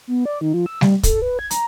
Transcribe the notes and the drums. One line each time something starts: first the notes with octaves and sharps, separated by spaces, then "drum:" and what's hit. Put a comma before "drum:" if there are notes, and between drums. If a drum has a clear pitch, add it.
B3
D5
D#3
F3
E6
G3, drum: snare G3
A4, drum: kick, hi-hat
B4
G#6
A#5, drum: hi-hat